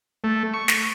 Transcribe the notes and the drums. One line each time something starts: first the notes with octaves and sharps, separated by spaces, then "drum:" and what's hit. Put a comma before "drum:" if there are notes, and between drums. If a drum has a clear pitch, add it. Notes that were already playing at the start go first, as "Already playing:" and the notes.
A3
C#6
drum: snare